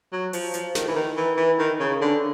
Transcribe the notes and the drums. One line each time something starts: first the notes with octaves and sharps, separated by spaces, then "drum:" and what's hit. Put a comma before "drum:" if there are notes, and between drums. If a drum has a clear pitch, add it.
F#3
F3, drum: open hi-hat
F3, drum: hi-hat
D#3, drum: snare
E3
D#3
E3
E3
D#3
C#3
D3